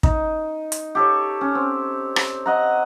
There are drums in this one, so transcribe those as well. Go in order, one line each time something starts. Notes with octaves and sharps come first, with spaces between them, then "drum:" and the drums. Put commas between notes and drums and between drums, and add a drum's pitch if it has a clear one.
D#4, drum: kick
drum: hi-hat
G4 A4 C#5
C#4
C4
drum: rim click
D#5 F#5 A#5